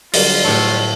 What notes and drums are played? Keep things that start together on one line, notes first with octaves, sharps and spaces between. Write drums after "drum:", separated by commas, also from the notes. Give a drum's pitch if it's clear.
D3 F#3 G3 F4, drum: open hi-hat
A2 A3